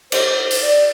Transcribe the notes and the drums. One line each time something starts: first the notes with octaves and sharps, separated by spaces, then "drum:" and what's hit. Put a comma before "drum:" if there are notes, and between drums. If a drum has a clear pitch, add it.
C5, drum: cymbal
drum: open hi-hat
D5